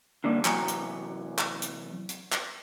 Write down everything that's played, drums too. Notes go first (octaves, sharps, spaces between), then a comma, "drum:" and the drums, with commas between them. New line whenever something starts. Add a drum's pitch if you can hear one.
D3 G3 A#3
C3 E3 F#3 F#5 G#5 A#5, drum: clap
drum: hi-hat
drum: clap
drum: hi-hat
drum: hi-hat
drum: clap